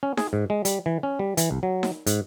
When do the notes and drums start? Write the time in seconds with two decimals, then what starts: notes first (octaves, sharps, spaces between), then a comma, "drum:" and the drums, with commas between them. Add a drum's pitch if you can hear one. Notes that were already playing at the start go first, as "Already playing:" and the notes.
0.03 C#4
0.17 G#4, drum: snare D#4
0.33 G#2
0.50 G#3
0.65 G3, drum: hi-hat
0.86 E3
1.03 C#4
1.19 G3
1.37 E3, drum: hi-hat
1.51 C2
1.63 F#3
1.83 drum: snare D#4
2.07 G#2, drum: hi-hat